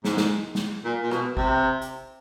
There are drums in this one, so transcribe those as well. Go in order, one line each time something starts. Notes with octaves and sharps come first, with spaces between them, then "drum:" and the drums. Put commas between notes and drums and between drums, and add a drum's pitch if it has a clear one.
G#2, drum: snare
drum: snare
drum: snare
A#2
A#2
B2, drum: rim click
C3, drum: kick
drum: hi-hat